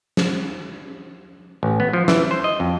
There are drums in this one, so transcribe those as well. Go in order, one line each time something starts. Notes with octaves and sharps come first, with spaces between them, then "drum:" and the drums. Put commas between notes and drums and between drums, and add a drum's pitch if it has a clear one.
drum: snare
A1
B3
F3
E3, drum: snare
C5
D#5
F2